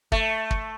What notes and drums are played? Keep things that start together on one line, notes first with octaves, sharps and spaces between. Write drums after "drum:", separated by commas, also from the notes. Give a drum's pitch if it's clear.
A3, drum: kick
drum: kick